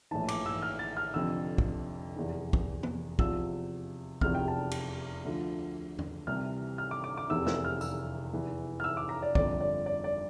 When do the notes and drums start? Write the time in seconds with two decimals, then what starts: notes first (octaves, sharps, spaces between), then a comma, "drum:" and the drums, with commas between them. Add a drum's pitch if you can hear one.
0.11 A#1 A2 E3 A5
0.28 D6, drum: cymbal
0.46 E6, drum: tom G2
0.62 F6
0.79 A6
0.97 F6
1.14 F1 F2 D3 E6
1.58 drum: kick
2.16 F1 E2 E3
2.53 drum: kick
2.83 drum: tom
3.19 E2 C3 F3 E6, drum: kick
4.21 F1 E2 C3 F3 F6, drum: kick
4.35 G5
4.48 A5
4.71 drum: cymbal
5.25 D2 D3 F3
5.99 drum: tom E2
6.27 C2 C3 E3 F6
6.78 F6
6.91 D6
7.04 D6
7.17 D6
7.30 F1 E2 C3 E3 E6
7.47 E6, drum: snare
7.64 F6
7.81 E6, drum: tambourine
8.33 F1 E2 E3
8.80 F6
8.84 E6
8.97 D6
9.09 A#5
9.23 D5
9.35 G1 F2 D3 D5, drum: kick
9.61 D5
9.86 D5
10.04 D5